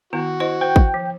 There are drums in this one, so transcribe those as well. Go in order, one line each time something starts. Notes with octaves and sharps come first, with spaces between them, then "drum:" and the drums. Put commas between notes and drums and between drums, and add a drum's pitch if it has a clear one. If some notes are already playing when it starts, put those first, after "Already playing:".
D#3 B3 E4 F#4
E4 C5 D#5
C5 G5
drum: kick
F3